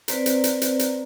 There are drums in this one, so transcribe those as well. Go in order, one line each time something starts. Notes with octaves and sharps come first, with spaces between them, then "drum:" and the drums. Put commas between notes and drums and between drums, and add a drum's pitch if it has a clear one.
C4 B4 C5 D5 A#5, drum: hi-hat
drum: hi-hat
drum: hi-hat
drum: hi-hat
drum: hi-hat